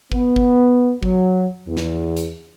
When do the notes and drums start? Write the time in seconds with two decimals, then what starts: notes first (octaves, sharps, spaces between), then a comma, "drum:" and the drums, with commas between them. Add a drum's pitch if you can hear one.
0.12 B3, drum: kick
0.36 drum: kick
1.03 F#3, drum: kick
1.67 E2
1.77 drum: snare
2.17 drum: hi-hat